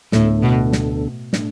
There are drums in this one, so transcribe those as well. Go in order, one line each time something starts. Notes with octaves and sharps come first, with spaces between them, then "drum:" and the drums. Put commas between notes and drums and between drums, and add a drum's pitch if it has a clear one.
D2 A2 D3 B3 D4 A4, drum: snare
B2
drum: snare
A2 A3 D4, drum: snare